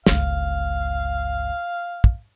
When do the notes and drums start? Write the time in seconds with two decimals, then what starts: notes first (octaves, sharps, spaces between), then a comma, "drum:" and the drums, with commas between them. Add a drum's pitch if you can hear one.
0.06 G1 C#2 F5, drum: snare
2.04 drum: kick